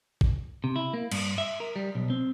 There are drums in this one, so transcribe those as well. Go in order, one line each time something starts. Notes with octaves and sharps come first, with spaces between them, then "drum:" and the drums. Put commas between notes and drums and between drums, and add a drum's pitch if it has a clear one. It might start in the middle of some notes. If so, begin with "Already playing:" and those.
drum: kick
C3
E4
A#3
G2, drum: cymbal
E5
A#4
G3
B1
C4